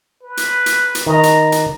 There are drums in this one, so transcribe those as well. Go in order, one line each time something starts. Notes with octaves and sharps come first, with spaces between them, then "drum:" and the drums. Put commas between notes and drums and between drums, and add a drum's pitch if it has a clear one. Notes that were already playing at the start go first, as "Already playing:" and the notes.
B4
drum: hi-hat
drum: hi-hat
drum: hi-hat
D#3 D#5 A#5
drum: hi-hat
drum: hi-hat